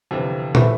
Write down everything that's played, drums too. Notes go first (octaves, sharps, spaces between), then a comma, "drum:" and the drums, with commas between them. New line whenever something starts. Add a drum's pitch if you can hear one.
G1 F2 C3 E3
E3 A3 E4, drum: tom